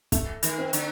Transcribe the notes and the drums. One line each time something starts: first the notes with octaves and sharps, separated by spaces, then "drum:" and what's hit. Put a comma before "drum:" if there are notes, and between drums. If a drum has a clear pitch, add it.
A3, drum: kick, hi-hat
D#3, drum: hi-hat
C4
D3, drum: hi-hat